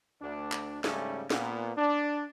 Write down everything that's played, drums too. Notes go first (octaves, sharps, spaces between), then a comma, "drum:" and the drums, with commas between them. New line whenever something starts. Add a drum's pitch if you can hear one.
D2 D4
drum: clap
G#2 C#3 G3 A3 C#4, drum: snare
A#2 B3, drum: snare
D4